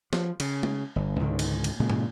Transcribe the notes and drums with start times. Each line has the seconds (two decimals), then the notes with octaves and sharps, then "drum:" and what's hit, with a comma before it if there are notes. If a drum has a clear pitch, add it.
0.13 F3, drum: snare
0.40 C#3, drum: cymbal
0.63 drum: tom
0.96 G1
1.20 C#2 G#2 D3 D#3
1.39 drum: cymbal
1.64 drum: cymbal
1.80 A#2 C#3 G#3
1.90 drum: tom